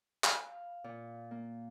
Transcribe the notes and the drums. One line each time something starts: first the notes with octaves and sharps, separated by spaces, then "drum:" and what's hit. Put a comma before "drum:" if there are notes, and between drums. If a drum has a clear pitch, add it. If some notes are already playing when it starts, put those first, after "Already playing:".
F5, drum: clap
A#2
A#3